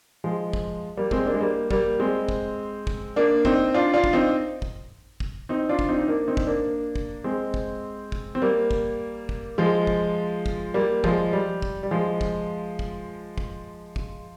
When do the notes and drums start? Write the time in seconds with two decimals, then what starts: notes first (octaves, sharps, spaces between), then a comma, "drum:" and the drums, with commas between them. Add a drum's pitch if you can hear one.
0.24 F3 G#3
0.53 drum: kick
0.97 G3 A#3
1.11 G#3 C4, drum: kick
1.26 A#3 D4
1.34 G#3
1.41 G3 A#3
1.71 G3 A#3, drum: kick
1.99 G#3 C4
2.29 drum: kick
2.87 drum: kick
3.16 A#3 D4
3.45 C4 D#4, drum: kick
3.74 D4 F4
3.94 D4 F4
4.04 drum: kick
4.13 C4 D#4
4.62 drum: kick
5.20 drum: kick
5.49 C4 D#4
5.69 D4 F4
5.79 drum: kick
5.89 C4 D#4
5.99 D#4
6.08 A#3 D4
6.28 C4 D#4
6.37 drum: kick
6.47 A#3 D4
6.96 drum: kick
7.24 G#3 C4
7.54 drum: kick
8.12 drum: kick
8.35 C4
8.42 G3 A#3
8.71 drum: kick
9.29 drum: kick
9.58 F3 G#3
9.87 drum: kick
10.46 drum: kick
10.74 G3 A#3
11.04 F3 G#3, drum: kick
11.33 G3
11.62 drum: kick
11.83 G3
11.91 F3 G#3
12.21 drum: kick
12.79 drum: kick
13.38 drum: kick
13.96 drum: kick